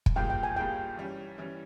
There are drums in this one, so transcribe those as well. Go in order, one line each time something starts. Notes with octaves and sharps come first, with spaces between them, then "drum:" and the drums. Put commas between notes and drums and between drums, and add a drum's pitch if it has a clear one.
drum: kick
G2 G3 A#3 F4 G#4 G5
G5
G#5
G2 G3 A#3 F4 G#4 G5
E3 G3 C#4
E3 G3 C#4